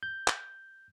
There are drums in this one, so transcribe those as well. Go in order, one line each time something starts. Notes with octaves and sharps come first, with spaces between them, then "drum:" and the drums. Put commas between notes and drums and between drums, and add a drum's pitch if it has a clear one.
G6
drum: clap